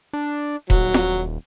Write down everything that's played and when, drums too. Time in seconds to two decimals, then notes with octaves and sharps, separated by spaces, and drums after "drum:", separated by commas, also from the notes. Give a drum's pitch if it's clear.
0.13 D4
0.70 D#1 F#3, drum: kick E1
0.94 drum: snare F4